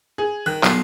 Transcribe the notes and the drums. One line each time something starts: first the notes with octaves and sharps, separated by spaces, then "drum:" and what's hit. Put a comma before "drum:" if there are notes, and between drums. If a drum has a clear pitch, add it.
G#4
D#3 F#6
B1 F4 F5, drum: clap